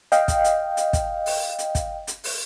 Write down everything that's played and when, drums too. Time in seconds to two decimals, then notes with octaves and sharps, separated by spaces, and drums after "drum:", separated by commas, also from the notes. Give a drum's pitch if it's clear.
0.12 D#5 F5 G5, drum: hi-hat
0.28 drum: kick, hi-hat
0.44 drum: hi-hat
0.77 drum: hi-hat
0.93 drum: kick, hi-hat
1.26 drum: open hi-hat
1.59 drum: hi-hat
1.75 drum: kick, hi-hat
2.07 drum: hi-hat
2.24 drum: open hi-hat